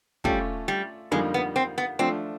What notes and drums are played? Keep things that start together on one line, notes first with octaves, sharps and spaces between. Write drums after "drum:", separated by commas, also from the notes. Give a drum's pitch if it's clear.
G3 A3 C#4 F4 A4, drum: kick
G3
F2 D3 G3 G#3 A#3 D#4
B3
C4
B3
F3 A3 C4 D4